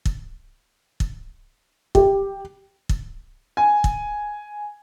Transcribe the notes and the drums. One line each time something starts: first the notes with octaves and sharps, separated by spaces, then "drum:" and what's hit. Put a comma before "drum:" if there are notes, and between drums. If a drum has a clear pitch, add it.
drum: kick
drum: kick
G4, drum: kick
drum: kick
G#5
drum: kick